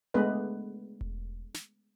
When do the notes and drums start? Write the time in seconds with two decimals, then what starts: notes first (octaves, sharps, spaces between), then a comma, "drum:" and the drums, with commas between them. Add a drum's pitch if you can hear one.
0.14 G#3 A3 B3 D4 B4 D#5
1.01 drum: kick E1
1.54 drum: snare